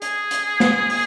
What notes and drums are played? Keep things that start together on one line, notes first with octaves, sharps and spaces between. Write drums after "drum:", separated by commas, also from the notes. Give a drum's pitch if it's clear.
G#4, drum: hi-hat
drum: hi-hat
drum: snare
drum: open hi-hat